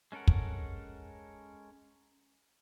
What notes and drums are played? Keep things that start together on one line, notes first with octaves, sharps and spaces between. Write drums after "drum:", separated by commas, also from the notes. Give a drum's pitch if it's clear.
G#3 C#4 A4 A#4 F#5
drum: kick